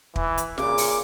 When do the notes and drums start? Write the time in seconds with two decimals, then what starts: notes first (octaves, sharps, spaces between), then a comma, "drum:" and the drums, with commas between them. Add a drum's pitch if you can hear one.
0.16 E3, drum: kick
0.38 drum: hi-hat
0.58 A#2 C#3 D6, drum: snare
0.78 drum: open hi-hat